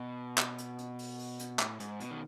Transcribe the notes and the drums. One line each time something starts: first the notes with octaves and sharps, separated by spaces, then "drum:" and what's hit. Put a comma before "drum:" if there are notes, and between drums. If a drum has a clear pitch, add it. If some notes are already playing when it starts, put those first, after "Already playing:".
Already playing: B2
drum: clap
drum: hi-hat
drum: hi-hat
drum: open hi-hat
drum: open hi-hat
drum: hi-hat
A2, drum: clap
G#2, drum: hi-hat
B2, drum: hi-hat
D#3